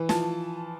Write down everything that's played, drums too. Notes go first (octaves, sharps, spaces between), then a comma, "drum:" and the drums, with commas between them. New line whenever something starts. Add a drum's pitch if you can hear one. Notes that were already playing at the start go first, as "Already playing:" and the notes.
Already playing: E3
F3 A5, drum: snare